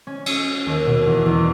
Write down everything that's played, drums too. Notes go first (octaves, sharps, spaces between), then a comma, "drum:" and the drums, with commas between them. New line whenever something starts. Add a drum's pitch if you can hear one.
C#4
C#4, drum: cymbal
C#4
D#2
B2
E2
E2